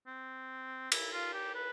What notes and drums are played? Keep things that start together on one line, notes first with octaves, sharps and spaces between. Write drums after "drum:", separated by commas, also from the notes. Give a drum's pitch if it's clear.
C4
E4, drum: cymbal
F4
G4
B4